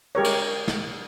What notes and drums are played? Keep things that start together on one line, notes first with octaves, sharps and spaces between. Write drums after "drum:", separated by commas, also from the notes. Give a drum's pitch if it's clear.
G#3 G4 A#4 C#5
drum: cymbal
drum: snare